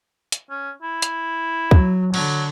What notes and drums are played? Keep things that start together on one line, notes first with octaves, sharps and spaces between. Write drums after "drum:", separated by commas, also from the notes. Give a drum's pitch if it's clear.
drum: hi-hat
C#4
E4
drum: hi-hat
F#3, drum: kick
D3 F#3, drum: cymbal